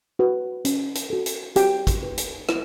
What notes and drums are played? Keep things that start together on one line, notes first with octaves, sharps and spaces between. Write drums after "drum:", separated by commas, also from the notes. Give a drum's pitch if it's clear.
F#4 B4
C#4, drum: hi-hat
drum: hi-hat
F#4 A4
drum: hi-hat
F#4 G4 G5, drum: hi-hat
drum: kick, hi-hat
B4
drum: hi-hat
E4, drum: rim click